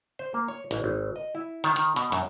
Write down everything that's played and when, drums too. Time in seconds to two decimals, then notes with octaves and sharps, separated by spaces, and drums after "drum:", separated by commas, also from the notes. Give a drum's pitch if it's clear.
0.19 C5
0.34 A#3
0.48 C#5
0.71 A1, drum: hi-hat
0.84 G#1
1.16 D#5
1.35 E4
1.64 D#3, drum: hi-hat
1.76 D#3, drum: hi-hat
1.96 B2, drum: hi-hat
2.12 F#2, drum: hi-hat